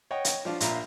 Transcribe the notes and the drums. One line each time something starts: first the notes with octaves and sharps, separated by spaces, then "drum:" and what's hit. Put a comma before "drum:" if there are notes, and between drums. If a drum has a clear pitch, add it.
C#5 D#5 F#5 G5
drum: hi-hat
F3 D4 F4
A#1 A#2 F4 E5 F5 A#5, drum: hi-hat